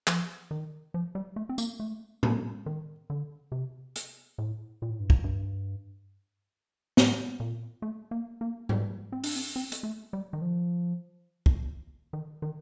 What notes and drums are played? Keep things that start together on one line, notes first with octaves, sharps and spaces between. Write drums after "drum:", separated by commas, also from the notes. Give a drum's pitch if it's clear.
F3, drum: clap
D#3
F3
G3
A3
C4
A#3, drum: tambourine
A3
A#3, drum: tom A2
D#3
D3
C3
drum: hi-hat
A2
A#2
A2
G2
A2, drum: kick
G2
A2, drum: snare
A#2
A3
A#3
A#3
G3, drum: tom G#2
C4
D4, drum: open hi-hat
C4
C4
drum: hi-hat
A3
G3
D#3
F3
drum: kick
D#3
D#3